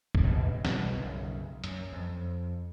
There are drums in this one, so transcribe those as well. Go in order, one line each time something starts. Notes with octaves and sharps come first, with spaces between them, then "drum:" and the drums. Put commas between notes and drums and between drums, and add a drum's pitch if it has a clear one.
drum: kick C2
D1 G2 B2 D3
B2 D3 G3, drum: snare
B1 F#2 C#3
F#2, drum: hi-hat
F2